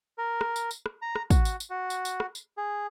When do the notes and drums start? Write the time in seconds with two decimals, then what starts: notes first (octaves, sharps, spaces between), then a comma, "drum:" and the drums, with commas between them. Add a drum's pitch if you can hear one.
0.18 A#4
0.41 drum: rim click
0.56 drum: tambourine
0.71 drum: tambourine
0.86 drum: rim click
1.02 A#5
1.15 drum: rim click
1.30 F#4, drum: kick, tambourine
1.45 drum: tambourine
1.60 drum: tambourine
1.70 F#4
1.90 drum: tambourine
2.05 drum: tambourine
2.20 drum: rim click
2.35 drum: tambourine
2.58 G#4